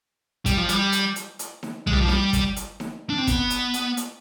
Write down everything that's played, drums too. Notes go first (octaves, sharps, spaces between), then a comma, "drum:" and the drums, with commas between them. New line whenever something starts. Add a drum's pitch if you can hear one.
G3, drum: kick, hi-hat
F3
G3, drum: hi-hat
drum: hi-hat
drum: hi-hat
drum: hi-hat
drum: snare D#4
G#3, drum: tom B1
G3
F3
G3, drum: snare D#4
drum: kick, hi-hat
drum: hi-hat
drum: snare D#4
D4
C4
B3, drum: kick, hi-hat
drum: hi-hat
drum: hi-hat
drum: hi-hat